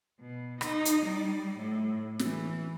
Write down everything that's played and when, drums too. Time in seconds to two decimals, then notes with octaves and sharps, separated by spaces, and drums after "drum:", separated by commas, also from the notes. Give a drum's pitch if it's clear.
0.20 B2
0.61 D#4, drum: rim click
0.85 drum: hi-hat
1.05 G3
1.58 A2
2.19 E3, drum: snare